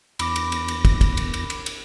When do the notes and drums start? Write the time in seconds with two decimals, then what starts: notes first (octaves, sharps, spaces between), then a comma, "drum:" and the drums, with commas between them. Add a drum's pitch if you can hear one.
0.19 E2 B5 D6 A#6, drum: cymbal
0.36 drum: cymbal
0.52 drum: cymbal
0.68 drum: cymbal
0.85 drum: kick, cymbal
1.01 drum: kick, cymbal
1.17 drum: cymbal
1.34 drum: cymbal
1.50 drum: cymbal
1.66 drum: cymbal